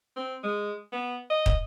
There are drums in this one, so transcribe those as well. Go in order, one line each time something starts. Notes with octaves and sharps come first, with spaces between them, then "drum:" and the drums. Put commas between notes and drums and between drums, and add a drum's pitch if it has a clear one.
C4
G#3
B3
D#5
drum: kick